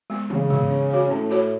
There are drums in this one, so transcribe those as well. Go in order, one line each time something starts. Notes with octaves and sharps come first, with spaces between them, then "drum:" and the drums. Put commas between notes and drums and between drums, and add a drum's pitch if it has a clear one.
G#3 B3
C#3 E3, drum: tom
G#3 B3, drum: tom G#2
C#4
F#4 C#5
A2 C#4
F#4 C#5